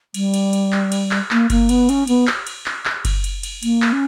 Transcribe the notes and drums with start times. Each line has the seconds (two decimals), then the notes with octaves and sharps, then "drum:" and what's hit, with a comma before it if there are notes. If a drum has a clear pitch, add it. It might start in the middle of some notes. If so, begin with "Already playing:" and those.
0.14 G3, drum: cymbal
0.34 drum: cymbal
0.53 drum: cymbal
0.72 drum: clap
0.92 drum: cymbal
1.11 drum: clap
1.31 A#3, drum: clap
1.50 A#3, drum: kick F#1, cymbal
1.69 B3, drum: cymbal
1.89 C#4, drum: cymbal
2.07 B3, drum: cymbal
2.27 drum: clap
2.47 drum: cymbal
2.66 drum: clap
2.85 drum: clap
3.05 drum: kick F#1, cymbal
3.24 drum: cymbal
3.43 drum: cymbal
3.63 A#3, drum: cymbal
3.82 drum: clap
3.92 C#4